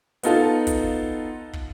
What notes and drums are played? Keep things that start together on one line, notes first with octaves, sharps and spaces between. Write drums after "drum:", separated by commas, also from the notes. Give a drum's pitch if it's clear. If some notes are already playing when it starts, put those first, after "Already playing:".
B3 D#4 F4 A4, drum: hi-hat
drum: kick, hi-hat
drum: kick